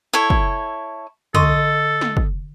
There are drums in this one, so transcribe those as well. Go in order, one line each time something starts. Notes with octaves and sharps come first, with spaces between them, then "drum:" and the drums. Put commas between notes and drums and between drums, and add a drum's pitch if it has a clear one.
E4 A4 C#5
drum: kick
D3 A4 D#5 C6 C#6, drum: tom
drum: snare
drum: kick